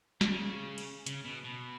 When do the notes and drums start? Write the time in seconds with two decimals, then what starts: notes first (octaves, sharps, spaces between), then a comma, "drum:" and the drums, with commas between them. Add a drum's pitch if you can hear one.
0.21 D3, drum: snare
0.30 C#3
0.78 drum: cymbal
1.07 C#3, drum: hi-hat
1.25 B2
1.44 B2